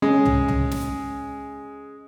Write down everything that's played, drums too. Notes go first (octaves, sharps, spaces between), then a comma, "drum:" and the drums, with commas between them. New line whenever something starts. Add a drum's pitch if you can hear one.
G#3 C#4
drum: tom C2
drum: tom C2
drum: snare